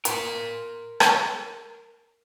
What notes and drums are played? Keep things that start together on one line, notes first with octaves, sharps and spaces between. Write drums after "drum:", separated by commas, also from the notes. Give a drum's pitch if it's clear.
A#4 C6, drum: hi-hat
drum: rim click